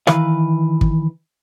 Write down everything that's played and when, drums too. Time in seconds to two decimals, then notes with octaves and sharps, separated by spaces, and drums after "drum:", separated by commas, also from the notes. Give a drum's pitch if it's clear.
0.07 D#3 E3 B4 F5, drum: rim click
0.81 drum: kick